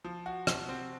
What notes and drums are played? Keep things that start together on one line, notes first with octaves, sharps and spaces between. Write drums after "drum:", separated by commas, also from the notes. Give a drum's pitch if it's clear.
F3
F#4
C3, drum: rim click
C4